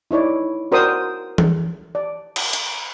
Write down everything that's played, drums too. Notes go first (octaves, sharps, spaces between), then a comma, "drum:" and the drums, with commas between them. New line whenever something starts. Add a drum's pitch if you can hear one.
D#4 E4 C#5 D5
F#4 A#4 C5 D5 G5 D#6
drum: tom E3
D5
drum: cymbal
drum: hi-hat